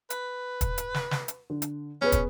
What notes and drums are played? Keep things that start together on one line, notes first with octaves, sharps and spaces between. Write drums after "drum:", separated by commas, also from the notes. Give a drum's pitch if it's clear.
B4, drum: hi-hat
drum: kick, hi-hat
drum: hi-hat
drum: snare
drum: snare
drum: hi-hat
D3
drum: hi-hat
B3 C#4 G#4 B4
drum: kick, hi-hat